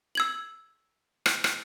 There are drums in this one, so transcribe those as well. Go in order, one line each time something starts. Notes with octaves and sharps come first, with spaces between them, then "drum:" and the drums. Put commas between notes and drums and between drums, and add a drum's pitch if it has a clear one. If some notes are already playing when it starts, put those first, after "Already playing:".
E6 G#6 F#7
drum: rim click
drum: rim click